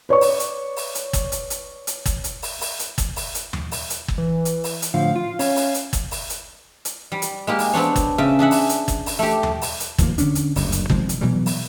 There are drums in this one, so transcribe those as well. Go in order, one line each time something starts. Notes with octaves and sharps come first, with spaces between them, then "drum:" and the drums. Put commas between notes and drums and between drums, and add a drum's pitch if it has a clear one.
B4 C#5 D5 C#6
drum: open hi-hat
drum: hi-hat
drum: open hi-hat
drum: hi-hat
drum: kick, hi-hat
drum: hi-hat
drum: hi-hat
drum: hi-hat
drum: kick, hi-hat
drum: hi-hat
drum: open hi-hat
drum: open hi-hat
drum: hi-hat
drum: kick, hi-hat
drum: open hi-hat
drum: hi-hat
drum: tom D#2
drum: open hi-hat
drum: hi-hat
drum: kick
E3
drum: hi-hat
drum: open hi-hat
drum: hi-hat
A2 D3 F3 F5
F4
C#4, drum: open hi-hat
drum: open hi-hat
drum: hi-hat
drum: kick, hi-hat
drum: open hi-hat
drum: hi-hat
drum: hi-hat
G3
drum: hi-hat
G#3 A#3 G4
drum: open hi-hat
B3 C4 D4 C#5
drum: kick, hi-hat
C#3 E5
D4 G#4 E5 F#5
drum: open hi-hat
drum: hi-hat
drum: kick, hi-hat
drum: open hi-hat
A3 G4
drum: tom D#2
drum: open hi-hat
drum: hi-hat
D#2 F3 A#3, drum: kick, hi-hat
D3 C#4 D4, drum: hi-hat
drum: hi-hat
F#1 D2 G2, drum: open hi-hat
drum: hi-hat
C3 D#3 F3 G#3, drum: kick
drum: hi-hat
B2 E3 F#3 G3
drum: open hi-hat